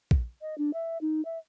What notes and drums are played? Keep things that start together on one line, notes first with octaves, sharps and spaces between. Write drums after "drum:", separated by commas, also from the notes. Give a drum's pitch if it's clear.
drum: kick A#1
D#5
D4
E5
D#4
E5